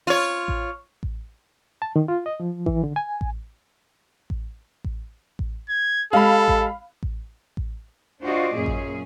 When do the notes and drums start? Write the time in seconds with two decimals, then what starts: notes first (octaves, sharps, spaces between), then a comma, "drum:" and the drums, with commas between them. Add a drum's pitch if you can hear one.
0.07 F4 C#5
0.48 drum: kick A1
1.03 drum: kick A1
1.82 A5
1.96 D#3
2.08 F4
2.26 D#5
2.40 F3
2.66 E3, drum: kick A1
2.84 D3
2.96 G#5
3.21 drum: kick A1
4.30 drum: kick A1
4.84 drum: kick A1
5.39 drum: kick A1
5.69 G#6
6.13 G#3 G4 A4 D#5 F5 B5
6.48 drum: kick A1
7.03 drum: kick A1
7.57 drum: kick A1
8.22 D4 F4 F#4 C5 D5 D#5
8.53 F#2 A#2 C#4 G#4
8.66 drum: kick A1